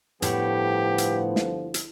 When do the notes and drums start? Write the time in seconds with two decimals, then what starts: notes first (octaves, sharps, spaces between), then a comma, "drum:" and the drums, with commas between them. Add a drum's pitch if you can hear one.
0.22 G1 A2 D3 F3 B3 G4, drum: hi-hat
0.98 drum: hi-hat
1.36 drum: snare
1.74 drum: hi-hat